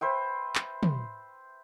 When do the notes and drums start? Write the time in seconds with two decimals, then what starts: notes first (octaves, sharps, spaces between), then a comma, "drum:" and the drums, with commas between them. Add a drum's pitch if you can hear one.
0.01 B4 C5 E5 G5
0.55 drum: clap
0.83 drum: tom